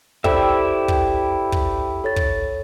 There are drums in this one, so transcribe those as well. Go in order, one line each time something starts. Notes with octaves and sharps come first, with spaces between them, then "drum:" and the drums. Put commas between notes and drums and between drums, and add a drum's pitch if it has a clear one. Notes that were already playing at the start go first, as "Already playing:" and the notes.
E4 G4 A4 C5 D5 E5, drum: kick
drum: kick
drum: kick
A4 C#5 A6
drum: kick